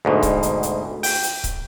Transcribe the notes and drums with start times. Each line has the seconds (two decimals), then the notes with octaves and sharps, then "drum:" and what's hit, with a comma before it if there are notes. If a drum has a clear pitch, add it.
0.05 D2 G#2 B2
0.23 drum: kick C#1, hi-hat
0.43 drum: hi-hat
0.63 drum: hi-hat
1.03 G5, drum: open hi-hat
1.23 drum: hi-hat
1.44 drum: kick C#1, hi-hat